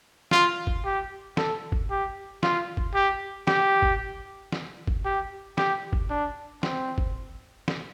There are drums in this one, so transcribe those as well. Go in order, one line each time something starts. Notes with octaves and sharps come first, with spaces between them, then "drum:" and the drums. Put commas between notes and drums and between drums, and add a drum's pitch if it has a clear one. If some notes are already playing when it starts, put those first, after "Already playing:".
F4, drum: snare
drum: kick
G4
A4, drum: snare
drum: kick
G4
F4, drum: snare
drum: kick
G4
G4, drum: snare
drum: kick
drum: snare
drum: kick
G4
G4, drum: snare
drum: kick
D4
C4, drum: snare
drum: kick
drum: snare